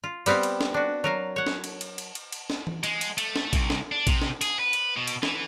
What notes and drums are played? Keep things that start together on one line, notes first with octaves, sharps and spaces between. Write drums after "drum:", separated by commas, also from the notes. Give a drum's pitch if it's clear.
F4
G3 B3 C4 G4 F5, drum: cymbal
drum: cymbal
drum: snare
D4 F#4
F#3 A#4 F5
C#5 F#5
drum: snare
drum: cymbal
drum: cymbal
drum: cymbal
drum: cymbal
drum: cymbal
drum: snare
drum: tom E3
G#3, drum: cymbal
drum: cymbal
A3, drum: cymbal
drum: snare
C2, drum: kick A#1, cymbal
drum: snare
D4
C3, drum: kick A#1, cymbal
drum: snare
G#4, drum: cymbal
B4
drum: cymbal
B2
drum: cymbal
E3, drum: snare